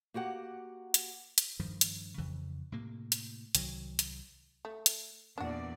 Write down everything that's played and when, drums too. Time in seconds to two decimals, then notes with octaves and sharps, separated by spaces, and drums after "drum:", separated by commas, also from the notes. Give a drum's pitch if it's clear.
0.14 A#3 F#4 G4 F#5
0.94 drum: hi-hat
1.38 drum: hi-hat
1.60 G2 D#3 F3
1.81 drum: hi-hat
2.18 F2 C#3 E3
2.72 A2 C3 A#3
3.12 drum: hi-hat
3.55 C2 D#3 F#3, drum: hi-hat
3.99 drum: hi-hat
4.65 A3
4.86 drum: hi-hat
5.38 E2 A#2 D4 F#4 D5